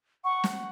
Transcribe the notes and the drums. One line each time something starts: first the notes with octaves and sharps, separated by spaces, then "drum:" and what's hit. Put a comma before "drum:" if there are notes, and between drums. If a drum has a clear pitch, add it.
F#5 C#6
drum: snare